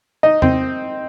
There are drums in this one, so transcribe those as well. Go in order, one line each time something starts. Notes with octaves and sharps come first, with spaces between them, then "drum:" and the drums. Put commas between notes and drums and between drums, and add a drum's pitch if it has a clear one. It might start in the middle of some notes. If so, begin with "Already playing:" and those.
D#4 D#5
C4, drum: tom E2